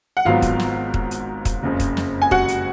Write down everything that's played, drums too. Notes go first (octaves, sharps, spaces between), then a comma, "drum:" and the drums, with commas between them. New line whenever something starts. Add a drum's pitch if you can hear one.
F#5
G#1 G#2 F#3 B3 F4 F5
drum: kick, hi-hat
drum: snare
drum: kick
drum: hi-hat
drum: kick, hi-hat
F#1 F2 C#3
drum: kick, hi-hat
drum: snare
G#5
F#4 F#5, drum: kick
drum: hi-hat